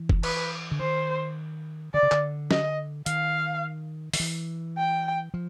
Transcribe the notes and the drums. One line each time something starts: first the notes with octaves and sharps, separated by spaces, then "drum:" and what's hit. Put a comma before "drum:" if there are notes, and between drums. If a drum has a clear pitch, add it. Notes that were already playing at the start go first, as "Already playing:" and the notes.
Already playing: E3
drum: kick
B4, drum: cymbal
D3
D#3 C5
D3 D5
C#3
D3, drum: clap
D#5, drum: snare
D#3 F5, drum: hi-hat
D#3, drum: open hi-hat
E3
G5
F3